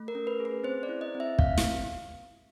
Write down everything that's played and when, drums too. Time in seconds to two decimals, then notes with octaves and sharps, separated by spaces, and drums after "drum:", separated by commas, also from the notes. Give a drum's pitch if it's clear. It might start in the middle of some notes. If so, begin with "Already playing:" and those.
Already playing: A3
0.08 A#4
0.15 C#4
0.27 B4
0.40 G#4
0.45 B4
0.64 C4 C5
0.83 D5
0.89 E4
1.01 D#5
1.15 C4
1.20 E5
1.39 C4 F5, drum: kick
1.58 drum: snare